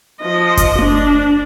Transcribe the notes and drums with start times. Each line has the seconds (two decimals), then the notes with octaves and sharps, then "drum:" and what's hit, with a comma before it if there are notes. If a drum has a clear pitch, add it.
0.21 F3 D#5
0.57 drum: kick F#1, hi-hat
0.79 D4, drum: tom A3